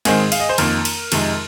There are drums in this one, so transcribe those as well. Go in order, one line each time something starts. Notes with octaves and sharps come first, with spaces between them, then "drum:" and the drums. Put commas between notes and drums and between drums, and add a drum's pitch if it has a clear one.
G#2 D#3 G#3 C4 G#4, drum: cymbal
F5, drum: cymbal
D#5
C5
F2 D#3 A#3 A#4, drum: cymbal
drum: cymbal
F2 C3 D#3 G#3, drum: cymbal